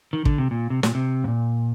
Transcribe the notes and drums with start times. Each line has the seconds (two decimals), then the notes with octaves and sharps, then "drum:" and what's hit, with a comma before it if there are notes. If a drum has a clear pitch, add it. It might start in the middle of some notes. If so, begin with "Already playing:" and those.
0.13 D#3
0.25 D3, drum: kick
0.38 C3
0.51 A#2
0.70 C3
0.83 A#2, drum: snare
0.95 C3
1.24 G#2
1.28 A#2